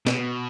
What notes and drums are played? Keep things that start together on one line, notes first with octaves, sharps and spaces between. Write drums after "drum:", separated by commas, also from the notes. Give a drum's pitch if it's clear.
B2, drum: snare